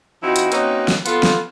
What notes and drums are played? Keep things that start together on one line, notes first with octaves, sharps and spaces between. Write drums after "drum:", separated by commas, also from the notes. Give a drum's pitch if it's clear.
F3 C4 D#4 E4 F#4
drum: hi-hat
A#3 C4 C#4 D#4 F#4 B4, drum: hi-hat
drum: snare
B3 F4 A4, drum: hi-hat
drum: snare